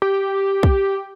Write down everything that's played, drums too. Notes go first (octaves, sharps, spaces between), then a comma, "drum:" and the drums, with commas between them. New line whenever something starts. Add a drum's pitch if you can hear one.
G4
drum: kick